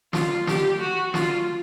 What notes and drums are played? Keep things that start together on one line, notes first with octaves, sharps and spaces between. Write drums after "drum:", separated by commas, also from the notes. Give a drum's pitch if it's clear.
F4, drum: snare
G4, drum: snare
F#4
F4, drum: snare